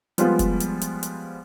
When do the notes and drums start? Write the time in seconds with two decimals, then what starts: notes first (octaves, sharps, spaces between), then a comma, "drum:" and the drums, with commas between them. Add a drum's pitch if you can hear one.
0.18 F3 G3 G#3 B3 F4, drum: hi-hat
0.39 drum: kick, hi-hat
0.60 drum: hi-hat
0.81 drum: hi-hat
1.03 drum: hi-hat